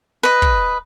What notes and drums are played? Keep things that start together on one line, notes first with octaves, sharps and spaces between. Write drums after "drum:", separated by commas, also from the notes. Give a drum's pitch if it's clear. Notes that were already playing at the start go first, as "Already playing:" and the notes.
B4 D#5
drum: kick